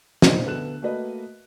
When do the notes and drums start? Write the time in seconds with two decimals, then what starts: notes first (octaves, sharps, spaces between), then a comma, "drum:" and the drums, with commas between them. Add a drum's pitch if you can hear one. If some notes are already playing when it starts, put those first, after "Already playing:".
0.22 E1 A#2 D#4 C5 D#5, drum: snare
0.45 D2 B3 A4 F#6 E7
0.82 A3 A#3 F#4 B4 D#5